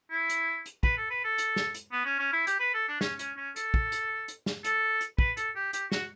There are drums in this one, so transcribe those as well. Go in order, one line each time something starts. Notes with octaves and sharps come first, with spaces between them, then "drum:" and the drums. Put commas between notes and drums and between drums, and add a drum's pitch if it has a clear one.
E4
drum: hi-hat
drum: hi-hat
B4, drum: kick
A4
B4
A4
drum: hi-hat
drum: snare
drum: hi-hat
B3
C#4
C#4
E4
G4, drum: hi-hat
B4
A4
D4
C#4, drum: snare
C#4, drum: hi-hat
C#4
A4, drum: hi-hat
drum: kick
drum: hi-hat
drum: hi-hat
drum: snare
A4, drum: hi-hat
drum: hi-hat
B4, drum: kick
A4, drum: hi-hat
G4
G4, drum: hi-hat
F#4, drum: snare